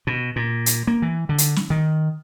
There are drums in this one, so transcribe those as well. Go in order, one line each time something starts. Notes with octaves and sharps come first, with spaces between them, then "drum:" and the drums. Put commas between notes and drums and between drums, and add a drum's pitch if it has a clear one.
B2
A#2
drum: hi-hat
A#3
E3
D3
drum: hi-hat
drum: snare
D#3